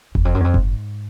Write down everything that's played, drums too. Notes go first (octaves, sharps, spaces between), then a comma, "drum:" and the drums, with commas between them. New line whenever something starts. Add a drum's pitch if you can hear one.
E2, drum: kick F#1
F2
F#2
E2
F2
G#2, drum: kick F#1